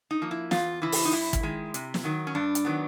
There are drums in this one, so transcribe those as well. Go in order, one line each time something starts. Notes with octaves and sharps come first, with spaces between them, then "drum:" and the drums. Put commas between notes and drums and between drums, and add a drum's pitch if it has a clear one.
D#4
F3 A#3
E4
E2 F4, drum: snare
C#3 E3 E4
drum: open hi-hat
D#4
G2 E4
drum: kick, hi-hat
D#3 G#3
C3, drum: hi-hat
drum: snare
D#3 F#3
C#4
G2 D4
drum: hi-hat
D#3 F#3 B3